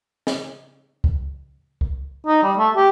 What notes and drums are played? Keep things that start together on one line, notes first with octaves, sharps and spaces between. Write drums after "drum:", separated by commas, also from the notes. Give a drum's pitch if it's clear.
drum: snare
drum: kick
drum: kick
D#4
G3
A3
G4